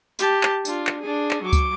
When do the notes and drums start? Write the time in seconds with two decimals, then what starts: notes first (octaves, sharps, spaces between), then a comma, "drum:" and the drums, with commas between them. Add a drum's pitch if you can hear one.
0.19 G4 A5, drum: tambourine
0.43 drum: clap
0.65 D4 F4, drum: tambourine
0.87 drum: clap
1.01 D4 G#4
1.31 drum: clap
1.43 F#3 D6
1.53 drum: kick C#2, tambourine